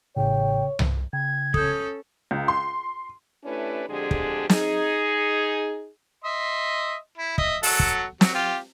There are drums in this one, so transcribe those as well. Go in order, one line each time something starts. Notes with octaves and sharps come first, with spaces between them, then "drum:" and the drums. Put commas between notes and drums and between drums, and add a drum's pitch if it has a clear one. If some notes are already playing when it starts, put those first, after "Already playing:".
A1 A2 C#3 C#5 G5
drum: tom C2
C#3 G5 G#6
C#4 A4 D#6 G6, drum: kick
C#2
C6
A3 C#4 D4 E4 G4 B4
F2 D3 G#3 D4 G4 G#4
drum: kick
D#4 G#4, drum: snare
D#5 E5 C6
E4
D#5 E5, drum: kick
F#3 A4 F#5, drum: open hi-hat
drum: kick
F#3, drum: snare
F4 G4